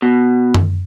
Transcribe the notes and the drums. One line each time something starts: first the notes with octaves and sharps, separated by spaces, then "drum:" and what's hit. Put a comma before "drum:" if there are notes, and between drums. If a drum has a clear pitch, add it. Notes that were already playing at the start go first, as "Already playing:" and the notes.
B2
drum: tom F#2